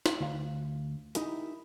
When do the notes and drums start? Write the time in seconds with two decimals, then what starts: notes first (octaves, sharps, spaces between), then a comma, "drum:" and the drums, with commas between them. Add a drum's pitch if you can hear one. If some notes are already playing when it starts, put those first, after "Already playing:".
0.06 drum: snare
0.20 D2 F5
1.15 D#4 E4 G4 A#4, drum: hi-hat